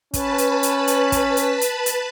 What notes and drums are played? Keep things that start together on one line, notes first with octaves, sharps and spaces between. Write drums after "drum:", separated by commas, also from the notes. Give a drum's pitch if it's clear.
C#4 B4 A5 B5, drum: kick, hi-hat
drum: hi-hat
drum: hi-hat
drum: hi-hat
drum: kick, hi-hat
drum: hi-hat
drum: hi-hat
drum: hi-hat